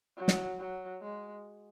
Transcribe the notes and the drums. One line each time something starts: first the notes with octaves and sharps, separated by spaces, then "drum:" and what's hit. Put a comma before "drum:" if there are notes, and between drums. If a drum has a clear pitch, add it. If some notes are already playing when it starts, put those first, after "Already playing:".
F#3
drum: snare
F#3
G#3